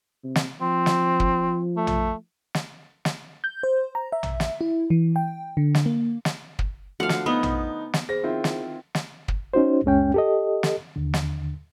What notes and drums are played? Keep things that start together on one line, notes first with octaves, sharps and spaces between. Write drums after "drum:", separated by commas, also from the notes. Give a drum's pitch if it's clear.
C3
drum: snare
F3 C4
drum: snare
drum: kick
A3
drum: tom A#1
drum: snare
drum: snare
G6
C5
A#5
E5
drum: tom A#1
drum: snare
E4
E3
G5
D3
drum: snare
A#3
drum: snare
drum: kick
D3 F3 A3 F#4 F5 F#5
drum: snare
B3 D#4 B5 D#6
drum: tom A#1
drum: snare
G#4 C5 A#6
D#3 C4 E4 F4
drum: snare
drum: snare
drum: kick
C#4 D#4 F#4 C5
C#2 F#2 G#3 C#4 G5
G4 A4 D#5
drum: snare
D#2 D3
drum: snare